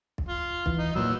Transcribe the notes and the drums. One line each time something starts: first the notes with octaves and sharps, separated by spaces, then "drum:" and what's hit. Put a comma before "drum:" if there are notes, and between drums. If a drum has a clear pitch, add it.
drum: kick
F4
E3, drum: kick
D#4
A#2 F#3 B3 E6